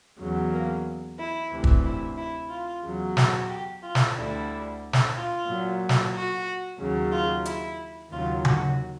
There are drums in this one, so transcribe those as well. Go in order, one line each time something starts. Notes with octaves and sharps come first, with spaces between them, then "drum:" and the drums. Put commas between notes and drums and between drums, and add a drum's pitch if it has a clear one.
E2 C#3 F#3
A#3
E4
D2 C3 E3
drum: kick
E4
E4
F4
E2 C#3 F#3
F#4, drum: snare
G4
F4
drum: snare
D2 D3 G3 E4
drum: snare
F4
A#2 F#3
drum: snare
F#4
D#2 C#3 F#3
F4
E4, drum: hi-hat
D#2 C#3 F#3 F4
F#4, drum: tom C#3